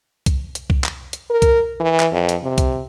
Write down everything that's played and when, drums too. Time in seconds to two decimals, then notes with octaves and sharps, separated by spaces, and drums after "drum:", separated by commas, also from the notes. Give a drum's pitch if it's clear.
0.26 drum: kick C2, hi-hat
0.55 drum: hi-hat
0.70 drum: kick C2
0.84 drum: clap
1.13 drum: hi-hat
1.30 A#4
1.42 drum: kick C2, hi-hat
1.80 E3
2.00 drum: clap
2.12 F2
2.29 drum: hi-hat
2.43 C3
2.58 drum: kick C2, hi-hat